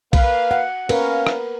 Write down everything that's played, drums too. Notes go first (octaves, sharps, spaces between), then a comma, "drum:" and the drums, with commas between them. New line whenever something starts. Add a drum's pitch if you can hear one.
A#3 B4 F5, drum: kick B1, cymbal
F#5
C#4 A#4 B4 F5, drum: cymbal
drum: rim click